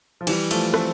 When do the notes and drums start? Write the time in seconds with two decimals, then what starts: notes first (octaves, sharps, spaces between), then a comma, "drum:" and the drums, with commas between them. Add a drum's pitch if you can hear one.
0.21 F3
0.27 E3 G3, drum: cymbal
0.51 F3 A3, drum: cymbal
0.74 A3 C4, drum: rim click